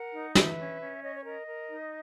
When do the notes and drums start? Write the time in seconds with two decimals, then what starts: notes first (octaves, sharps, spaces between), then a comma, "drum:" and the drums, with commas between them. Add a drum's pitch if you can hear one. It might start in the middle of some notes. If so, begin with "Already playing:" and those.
Already playing: A#4 F#5
0.13 D#4
0.35 B4 E5, drum: snare
0.59 C#4
0.80 C#4
1.02 C#5 D#5
1.15 C#5
1.26 A#4 D#5
1.47 A#4
1.69 D#4